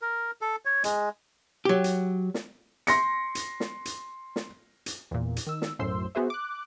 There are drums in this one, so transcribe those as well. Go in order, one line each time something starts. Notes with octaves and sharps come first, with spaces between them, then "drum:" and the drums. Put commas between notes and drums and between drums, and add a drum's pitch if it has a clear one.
A#4
A4
C#5
G#3, drum: hi-hat
F#3 G4
drum: hi-hat
drum: snare
C6 A#6 C#7, drum: hi-hat
drum: hi-hat
drum: snare
drum: hi-hat
drum: snare
drum: hi-hat
E2 A#2
drum: hi-hat
D#3 E6
drum: snare
B1 F#2 A2 C5 C6 E6
B3 F#4 G#4 C5 E5
D6 F#6